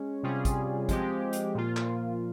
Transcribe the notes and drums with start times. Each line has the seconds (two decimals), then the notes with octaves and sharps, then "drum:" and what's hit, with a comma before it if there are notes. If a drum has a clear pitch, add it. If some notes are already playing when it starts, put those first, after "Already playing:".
Already playing: G#3 C#4
0.23 C3 G3 C#4 F4 G#4
0.45 drum: kick, hi-hat
0.89 F3 G#3 C4 G4, drum: kick, hi-hat
1.33 drum: hi-hat
1.55 A#2 F3 A#3 F4
1.77 drum: clap